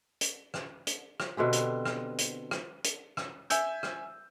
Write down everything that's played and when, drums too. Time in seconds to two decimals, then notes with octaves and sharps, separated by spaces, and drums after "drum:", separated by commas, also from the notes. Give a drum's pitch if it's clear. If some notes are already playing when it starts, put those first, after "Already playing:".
0.21 drum: hi-hat
0.54 drum: rim click
0.87 drum: hi-hat
1.20 drum: rim click
1.37 B2 D3 C4 G4
1.53 drum: hi-hat
1.85 drum: rim click
2.18 drum: hi-hat
2.51 drum: rim click
2.84 drum: hi-hat
3.17 drum: rim click
3.50 E5 G#5 E6 G6, drum: hi-hat
3.83 drum: rim click